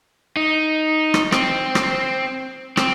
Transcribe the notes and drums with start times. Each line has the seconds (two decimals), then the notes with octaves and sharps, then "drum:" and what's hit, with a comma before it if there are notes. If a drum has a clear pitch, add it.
0.37 D#4
1.14 drum: rim click
1.32 C4, drum: rim click
1.75 drum: rim click
2.77 C4, drum: rim click